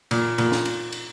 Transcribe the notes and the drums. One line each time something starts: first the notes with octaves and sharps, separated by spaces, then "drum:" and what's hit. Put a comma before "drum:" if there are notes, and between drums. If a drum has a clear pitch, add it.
A#2, drum: cymbal
A#2, drum: cymbal
drum: snare
drum: cymbal
drum: cymbal